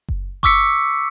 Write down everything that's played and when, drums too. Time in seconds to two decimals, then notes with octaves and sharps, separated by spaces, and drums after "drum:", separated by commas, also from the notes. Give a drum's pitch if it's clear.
0.09 drum: kick F#1
0.43 C#6 D6 E6 B6 C#7, drum: kick F#1